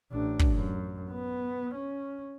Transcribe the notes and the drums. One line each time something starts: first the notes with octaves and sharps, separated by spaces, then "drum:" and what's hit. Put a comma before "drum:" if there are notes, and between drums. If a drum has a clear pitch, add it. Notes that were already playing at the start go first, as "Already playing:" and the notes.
A1 D4
drum: kick
F#2
B3
C#4